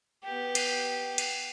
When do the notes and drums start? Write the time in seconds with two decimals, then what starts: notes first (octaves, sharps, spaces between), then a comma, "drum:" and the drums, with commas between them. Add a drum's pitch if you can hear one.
0.24 B3 G4
0.55 drum: cymbal
1.18 drum: cymbal